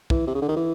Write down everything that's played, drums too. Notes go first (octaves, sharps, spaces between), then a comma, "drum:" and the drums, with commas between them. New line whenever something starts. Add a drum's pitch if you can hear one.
E3, drum: kick
C3
C#3
D3
D#3
E3